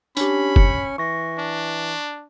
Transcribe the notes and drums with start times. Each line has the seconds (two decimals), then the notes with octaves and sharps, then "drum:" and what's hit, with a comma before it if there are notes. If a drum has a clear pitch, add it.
0.17 C#4 D4 G4 B5, drum: tambourine
0.56 C#7, drum: kick
0.98 E3 C#6 A#6
1.38 D4